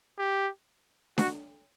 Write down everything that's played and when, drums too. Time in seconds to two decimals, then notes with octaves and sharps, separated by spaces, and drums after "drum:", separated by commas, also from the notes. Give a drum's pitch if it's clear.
0.18 G4
1.18 F#4, drum: snare D4